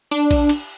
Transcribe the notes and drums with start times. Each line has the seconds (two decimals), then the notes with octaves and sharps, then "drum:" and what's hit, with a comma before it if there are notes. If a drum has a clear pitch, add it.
0.11 D4
0.31 drum: kick A#1, cymbal
0.49 drum: cymbal